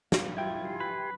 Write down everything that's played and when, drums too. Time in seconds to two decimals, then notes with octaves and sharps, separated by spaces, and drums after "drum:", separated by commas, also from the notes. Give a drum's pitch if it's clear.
0.12 A#3, drum: snare
0.37 E4 F4 E5 G5 G#6
0.65 G4 G#5 C6
0.80 B4